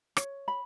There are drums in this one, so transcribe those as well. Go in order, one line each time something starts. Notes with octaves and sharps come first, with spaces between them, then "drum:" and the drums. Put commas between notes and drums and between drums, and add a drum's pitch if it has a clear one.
C#5, drum: rim click
B5